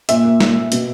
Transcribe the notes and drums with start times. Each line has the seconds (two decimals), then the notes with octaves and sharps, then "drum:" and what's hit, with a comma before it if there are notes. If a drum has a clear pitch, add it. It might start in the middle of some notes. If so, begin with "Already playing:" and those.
0.09 A#2 E5, drum: hi-hat
0.25 A#3
0.40 A#2, drum: snare
0.56 A#3
0.72 B2, drum: hi-hat